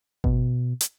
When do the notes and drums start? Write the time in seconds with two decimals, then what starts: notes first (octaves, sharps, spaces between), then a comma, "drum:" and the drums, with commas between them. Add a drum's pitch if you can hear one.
0.24 B2, drum: kick G#1
0.81 drum: hi-hat